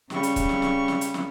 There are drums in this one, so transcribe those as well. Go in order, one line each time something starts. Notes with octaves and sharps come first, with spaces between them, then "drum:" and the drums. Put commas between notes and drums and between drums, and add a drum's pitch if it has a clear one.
C#3 G3 C#6, drum: snare
drum: hi-hat
drum: kick, hi-hat
drum: snare
drum: snare
drum: snare
drum: hi-hat
drum: snare